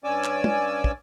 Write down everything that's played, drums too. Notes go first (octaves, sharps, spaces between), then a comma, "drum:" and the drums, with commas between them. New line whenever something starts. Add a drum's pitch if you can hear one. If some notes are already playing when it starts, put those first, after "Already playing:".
G2 C#4 D5 G#5 D6 E6
drum: clap
drum: tom
drum: kick